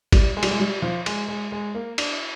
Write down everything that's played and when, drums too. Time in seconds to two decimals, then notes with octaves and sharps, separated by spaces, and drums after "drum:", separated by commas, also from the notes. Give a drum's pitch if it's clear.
0.12 G3, drum: kick, cymbal
0.37 G#3
0.43 G3, drum: cymbal
0.51 G#3
0.60 G3
0.82 F3
1.06 G#3, drum: cymbal
1.28 G#3
1.52 G#3
1.75 A#3
1.98 D4, drum: cymbal